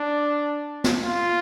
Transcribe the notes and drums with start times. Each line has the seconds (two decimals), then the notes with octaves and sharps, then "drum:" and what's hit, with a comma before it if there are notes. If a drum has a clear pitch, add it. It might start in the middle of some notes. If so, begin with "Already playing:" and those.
Already playing: D4
0.84 drum: snare
1.04 F4